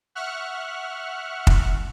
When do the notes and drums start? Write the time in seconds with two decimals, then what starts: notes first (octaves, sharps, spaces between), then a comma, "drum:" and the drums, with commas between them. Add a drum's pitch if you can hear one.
0.15 E5 F#5 C#6 F6 F#6
1.47 drum: kick